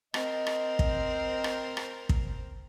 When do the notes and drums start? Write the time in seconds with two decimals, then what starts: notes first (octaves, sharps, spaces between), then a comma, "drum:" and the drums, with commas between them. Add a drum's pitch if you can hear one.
0.14 C4 A#4 C5 D#5, drum: rim click
0.47 drum: rim click
0.79 drum: kick
1.44 drum: rim click
1.77 drum: rim click
2.09 drum: kick